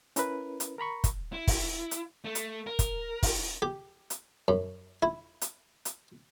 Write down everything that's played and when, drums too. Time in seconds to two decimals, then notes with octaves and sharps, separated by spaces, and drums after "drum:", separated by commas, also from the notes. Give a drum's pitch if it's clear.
0.16 C#4 E4 A#4 B4, drum: hi-hat
0.60 drum: hi-hat
0.78 A#4 A#5 B5 C#6
1.04 drum: kick, hi-hat
1.33 E4
1.47 drum: kick, open hi-hat
1.91 drum: hi-hat
2.25 A3
2.35 drum: hi-hat
2.67 A#4
2.79 drum: kick, hi-hat
3.23 drum: kick, open hi-hat
3.62 G4
4.10 drum: hi-hat
4.48 F#2
5.03 E4
5.41 drum: hi-hat
5.85 drum: hi-hat